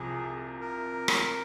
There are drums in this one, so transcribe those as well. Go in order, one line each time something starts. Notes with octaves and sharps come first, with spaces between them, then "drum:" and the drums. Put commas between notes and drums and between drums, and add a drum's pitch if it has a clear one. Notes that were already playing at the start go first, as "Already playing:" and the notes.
Already playing: C2 C3 F3 G#4
A#4
drum: rim click